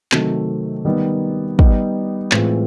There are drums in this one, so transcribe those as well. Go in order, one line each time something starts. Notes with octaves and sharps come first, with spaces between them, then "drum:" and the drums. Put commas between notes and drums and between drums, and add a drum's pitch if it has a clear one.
C3 D#3 F#3 A3 C4, drum: clap
D#3 G3 B3 D#4
G3 B3 D#4, drum: kick
A2 E3 G#3 C4 F4, drum: clap